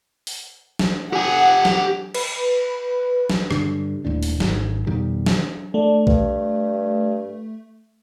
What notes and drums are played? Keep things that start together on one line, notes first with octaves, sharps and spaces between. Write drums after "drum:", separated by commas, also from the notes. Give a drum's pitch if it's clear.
drum: open hi-hat
drum: snare
G4 F#5 G#5
drum: snare
B4, drum: cymbal
drum: snare
G2 D3, drum: rim click
D#1 D#2 A2 D4
drum: open hi-hat
G#1 F#2 D#3, drum: snare
F2 B2 D#3 G3
drum: snare
A3 D4
G2, drum: kick A#1